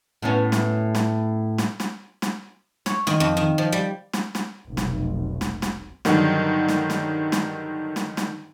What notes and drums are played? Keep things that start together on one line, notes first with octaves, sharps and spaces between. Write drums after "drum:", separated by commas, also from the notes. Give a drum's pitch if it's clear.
A2 B3 C#4
drum: snare
drum: snare
drum: snare
drum: snare
drum: snare
C#5, drum: snare
D#3, drum: snare
F2
D#3
F3
G3
drum: snare
drum: snare
F1 B1
drum: snare
drum: snare
drum: snare
G2 D3 D#3 F#3, drum: snare
drum: snare
drum: snare
drum: snare
drum: snare
drum: snare